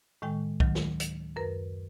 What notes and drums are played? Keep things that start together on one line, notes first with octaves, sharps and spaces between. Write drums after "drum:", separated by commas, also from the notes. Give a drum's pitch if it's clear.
A2 D#3 G#3 G5
D2 D#3 F#3, drum: kick B1
drum: snare
drum: hi-hat
F#2 A#4 B4